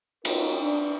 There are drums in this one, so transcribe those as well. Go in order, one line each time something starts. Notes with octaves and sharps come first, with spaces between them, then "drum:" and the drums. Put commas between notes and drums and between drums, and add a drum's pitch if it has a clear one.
D#4 F4 F#4 A#4 C#5, drum: cymbal
D4